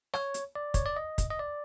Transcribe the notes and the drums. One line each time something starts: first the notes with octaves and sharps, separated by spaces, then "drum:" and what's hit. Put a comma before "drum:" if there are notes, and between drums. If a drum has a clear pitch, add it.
C#5, drum: rim click
drum: hi-hat
D5
C#5, drum: kick, hi-hat
D5
D#5
drum: kick, hi-hat
D#5
D5